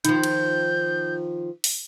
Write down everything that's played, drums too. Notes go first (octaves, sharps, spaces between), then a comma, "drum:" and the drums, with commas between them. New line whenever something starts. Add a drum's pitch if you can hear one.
D#3 F3 D#4 G6, drum: hi-hat
drum: cymbal
drum: open hi-hat